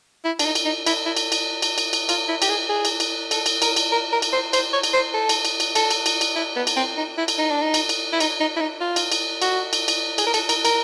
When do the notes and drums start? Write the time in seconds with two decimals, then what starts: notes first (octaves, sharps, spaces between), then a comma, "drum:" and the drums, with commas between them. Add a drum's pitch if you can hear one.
0.25 E4
0.39 D4, drum: cymbal
0.45 D#4
0.55 drum: cymbal
0.65 D#4
0.86 E4, drum: cymbal
1.06 E4
1.17 drum: cymbal
1.32 drum: cymbal
1.62 drum: cymbal
1.78 drum: cymbal
1.93 drum: cymbal
2.09 F4, drum: cymbal
2.28 E4
2.42 G4, drum: cymbal
2.50 G#4
2.69 G#4
2.85 drum: cymbal
3.00 drum: cymbal
3.31 A4, drum: cymbal
3.46 drum: cymbal
3.62 A#4, drum: cymbal
3.76 drum: cymbal
3.92 A#4
4.12 A#4
4.22 drum: cymbal
4.33 C5
4.53 C5, drum: cymbal
4.73 C#5
4.83 drum: cymbal
4.94 C5
5.14 A4
5.29 drum: cymbal
5.45 drum: cymbal
5.60 drum: cymbal
5.75 A4, drum: cymbal
5.90 drum: cymbal
6.06 drum: cymbal
6.21 drum: cymbal
6.36 E4
6.56 B3
6.67 drum: cymbal
6.77 C4
6.97 D#4
7.18 E4
7.28 drum: cymbal
7.38 D#4
7.51 D4
7.62 D#4
7.74 drum: cymbal
7.89 drum: cymbal
8.13 E4
8.20 D#4, drum: cymbal
8.40 D#4
8.57 E4
8.61 D#4
8.81 F4
8.96 drum: cymbal
9.12 drum: cymbal
9.42 F#4, drum: cymbal
9.73 drum: cymbal
9.88 drum: cymbal
10.18 G#4, drum: cymbal
10.27 A#4
10.34 A4, drum: cymbal
10.49 A#4, drum: cymbal
10.65 A#4, drum: cymbal